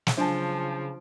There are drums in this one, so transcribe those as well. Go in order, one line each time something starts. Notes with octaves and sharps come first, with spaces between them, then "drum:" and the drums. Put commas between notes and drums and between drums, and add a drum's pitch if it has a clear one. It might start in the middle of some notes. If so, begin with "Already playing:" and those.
drum: snare
C#3 F3 F#3 D4 C5 G#5 A5 D7